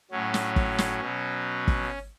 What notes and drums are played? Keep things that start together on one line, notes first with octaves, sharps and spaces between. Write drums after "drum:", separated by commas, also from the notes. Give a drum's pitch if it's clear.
A2 F#3 C#4
drum: snare
drum: kick
drum: snare
B2 F#3
drum: kick